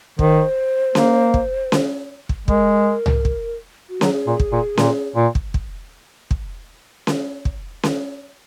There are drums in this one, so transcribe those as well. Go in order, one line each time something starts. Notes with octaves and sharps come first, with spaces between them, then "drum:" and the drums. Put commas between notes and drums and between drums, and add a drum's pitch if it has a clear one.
D#3 C5, drum: kick
A#3, drum: snare C#4
drum: kick
drum: snare C#4
drum: kick
G#3 A#4, drum: kick
drum: tom C2
drum: kick
F#4
F#3 G#4, drum: snare C#4
A#2
drum: kick
A#2
A#2, drum: snare C#4
A#2
drum: kick
drum: kick
drum: kick
drum: snare C#4
drum: kick
drum: snare C#4